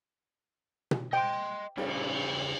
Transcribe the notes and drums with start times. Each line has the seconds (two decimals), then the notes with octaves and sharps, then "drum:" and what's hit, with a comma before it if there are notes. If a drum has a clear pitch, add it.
0.91 drum: tom B2
1.13 D#5 G5 C6
1.78 C#3 G3, drum: cymbal